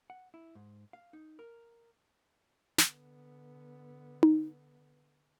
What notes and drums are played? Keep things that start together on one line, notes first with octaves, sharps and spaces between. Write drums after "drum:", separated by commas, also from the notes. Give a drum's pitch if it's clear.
F#5
E4
G#2
F5
D#4
A#4
D3 B3, drum: snare
drum: tom D#4